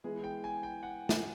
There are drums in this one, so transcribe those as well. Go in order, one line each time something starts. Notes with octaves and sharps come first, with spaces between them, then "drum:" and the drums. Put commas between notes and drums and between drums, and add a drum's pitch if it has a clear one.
E3 G#3 B3 E4 G#4
G5
G#5
G5
F#5
drum: snare